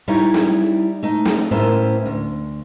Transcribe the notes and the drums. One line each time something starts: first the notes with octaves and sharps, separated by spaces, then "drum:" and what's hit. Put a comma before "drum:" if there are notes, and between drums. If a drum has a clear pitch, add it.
G3 D#4 E4 C#5
drum: snare
A3 D#4
drum: snare
A2 B3 C#4 A#4 C5 E5
D2